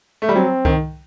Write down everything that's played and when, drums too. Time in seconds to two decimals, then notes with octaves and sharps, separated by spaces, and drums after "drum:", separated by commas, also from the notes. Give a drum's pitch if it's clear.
0.22 A3
0.29 G3
0.35 F#3 C4
0.65 D#3, drum: kick C2